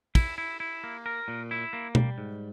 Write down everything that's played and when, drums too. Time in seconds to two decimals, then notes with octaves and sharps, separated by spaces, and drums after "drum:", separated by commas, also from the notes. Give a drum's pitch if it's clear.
0.15 E4, drum: kick, cymbal
0.38 E4
0.60 E4
0.84 A#3
1.06 A#4
1.28 A#2
1.51 E4
1.73 A#3
1.95 G3, drum: tom
2.18 G#2